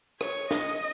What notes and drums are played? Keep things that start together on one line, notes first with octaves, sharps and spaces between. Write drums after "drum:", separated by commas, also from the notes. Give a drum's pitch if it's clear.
C#5, drum: rim click
D#5, drum: snare